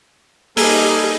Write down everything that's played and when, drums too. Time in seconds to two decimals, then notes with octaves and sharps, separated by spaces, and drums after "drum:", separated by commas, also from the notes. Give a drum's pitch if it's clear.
0.57 G3 A#3 D#4 G#4 A4 A#5 G#6, drum: open hi-hat